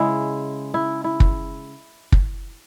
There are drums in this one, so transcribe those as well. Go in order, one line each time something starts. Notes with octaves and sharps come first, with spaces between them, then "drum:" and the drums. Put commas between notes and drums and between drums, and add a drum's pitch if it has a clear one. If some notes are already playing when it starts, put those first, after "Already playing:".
Already playing: C#3 G#3 E4
E4
E4
drum: kick
drum: kick